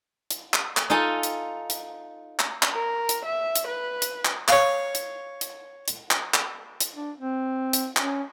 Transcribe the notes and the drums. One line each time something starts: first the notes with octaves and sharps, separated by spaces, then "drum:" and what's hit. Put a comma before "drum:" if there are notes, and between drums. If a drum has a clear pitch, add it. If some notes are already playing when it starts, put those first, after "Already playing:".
drum: hi-hat
drum: clap
drum: clap
D#4 F4 A4 G#5
drum: hi-hat
drum: hi-hat
drum: clap
drum: clap
A#4
drum: hi-hat
E5
drum: hi-hat
B4
drum: hi-hat
drum: clap
C#5 F5, drum: clap
drum: hi-hat
drum: hi-hat
drum: hi-hat
drum: clap
drum: clap
drum: hi-hat
D4
C4
drum: hi-hat
C#4, drum: clap